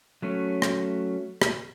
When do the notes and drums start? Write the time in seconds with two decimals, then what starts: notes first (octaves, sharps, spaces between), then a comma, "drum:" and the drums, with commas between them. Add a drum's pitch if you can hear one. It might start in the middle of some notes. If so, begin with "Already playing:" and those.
0.22 F#3 A3 C#4
0.62 drum: rim click
1.42 drum: rim click